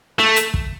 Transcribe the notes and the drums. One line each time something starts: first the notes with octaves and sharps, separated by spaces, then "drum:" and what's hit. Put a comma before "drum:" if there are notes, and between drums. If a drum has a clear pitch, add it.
A3, drum: rim click
drum: hi-hat
drum: kick